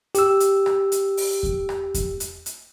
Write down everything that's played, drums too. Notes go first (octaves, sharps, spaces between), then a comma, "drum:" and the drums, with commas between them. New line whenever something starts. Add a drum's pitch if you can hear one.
G4 E6, drum: hi-hat
drum: hi-hat
drum: rim click
drum: hi-hat
drum: open hi-hat
drum: kick E2
drum: rim click
drum: kick E2, hi-hat
drum: hi-hat
drum: hi-hat